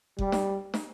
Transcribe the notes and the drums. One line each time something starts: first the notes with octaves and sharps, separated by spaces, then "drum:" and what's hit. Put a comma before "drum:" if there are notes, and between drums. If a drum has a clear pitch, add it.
G3, drum: kick F#1
drum: snare
drum: snare